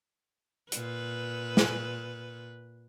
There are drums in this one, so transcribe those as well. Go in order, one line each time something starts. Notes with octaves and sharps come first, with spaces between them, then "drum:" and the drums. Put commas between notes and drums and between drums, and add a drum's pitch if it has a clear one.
A#2 B4, drum: hi-hat
drum: snare